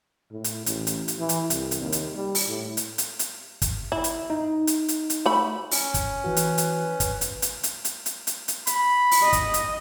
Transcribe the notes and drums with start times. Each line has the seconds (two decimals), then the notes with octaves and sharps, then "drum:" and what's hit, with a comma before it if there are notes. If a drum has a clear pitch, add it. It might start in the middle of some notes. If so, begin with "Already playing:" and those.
0.32 A2
0.44 drum: hi-hat
0.66 A1, drum: hi-hat
0.87 drum: hi-hat
1.08 drum: hi-hat
1.19 E3
1.29 drum: hi-hat
1.50 C2, drum: hi-hat
1.71 drum: hi-hat
1.81 D#2
1.92 drum: hi-hat
2.15 G3
2.35 drum: open hi-hat
2.49 A2
2.77 drum: hi-hat
2.98 drum: hi-hat
3.19 drum: hi-hat
3.62 drum: kick, hi-hat
3.92 E4
4.04 drum: hi-hat
4.30 D#4
4.67 drum: hi-hat
4.88 drum: hi-hat
5.10 drum: hi-hat
5.26 A3 B5
5.71 C#4, drum: open hi-hat
5.94 drum: kick, hi-hat
6.24 E3 F#4 B4
6.37 drum: hi-hat
6.58 drum: hi-hat
7.00 drum: kick, hi-hat
7.21 drum: hi-hat
7.42 drum: hi-hat
7.63 drum: hi-hat
7.85 drum: hi-hat
8.06 drum: hi-hat
8.27 drum: hi-hat
8.48 drum: hi-hat
8.67 B5, drum: hi-hat
9.11 drum: open hi-hat
9.22 D#5
9.33 drum: kick, hi-hat
9.54 drum: hi-hat